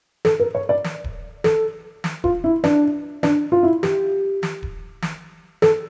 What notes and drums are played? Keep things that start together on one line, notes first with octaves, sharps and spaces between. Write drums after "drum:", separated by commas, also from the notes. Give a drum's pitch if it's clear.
A4, drum: snare
A#4
C#5
D5
drum: snare
drum: kick D#1
A4, drum: snare
drum: snare
F4, drum: kick D#1
E4
D4, drum: snare
D4, drum: snare
F4
E4
G4, drum: snare
drum: snare
drum: kick D#1
drum: snare
A4, drum: snare